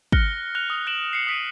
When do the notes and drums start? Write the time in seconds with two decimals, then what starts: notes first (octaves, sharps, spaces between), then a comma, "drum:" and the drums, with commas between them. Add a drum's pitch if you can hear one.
0.12 F6 F#6 A#6 C#7 G7, drum: kick
0.55 F#6 F7
0.70 D#6
0.87 F#6 D7 E7 F#7
1.13 C7 C#7
1.27 D#6 B6 D7 D#7